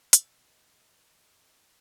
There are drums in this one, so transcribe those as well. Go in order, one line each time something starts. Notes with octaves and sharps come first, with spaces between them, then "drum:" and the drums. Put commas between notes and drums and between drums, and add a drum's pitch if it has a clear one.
F2 G#2 B2 D3 D#5 E6 G6, drum: hi-hat